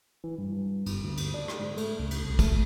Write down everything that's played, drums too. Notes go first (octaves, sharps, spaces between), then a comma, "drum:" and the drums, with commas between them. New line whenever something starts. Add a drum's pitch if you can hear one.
E3
G2
G2
G1, drum: cymbal
D2
drum: cymbal
D4
drum: rim click
G#2
A3, drum: cymbal
C#2
drum: cymbal
C2
A3, drum: kick, cymbal